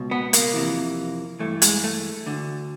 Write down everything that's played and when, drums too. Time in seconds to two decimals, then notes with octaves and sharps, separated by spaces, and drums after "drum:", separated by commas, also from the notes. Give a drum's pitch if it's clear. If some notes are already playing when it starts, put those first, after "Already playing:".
Already playing: C#2 B2
0.11 B3
0.33 A#3, drum: hi-hat
0.54 F2 C3 E3
1.39 G2 E3 A3
1.62 G#3, drum: hi-hat
1.84 A3
2.26 D2 D3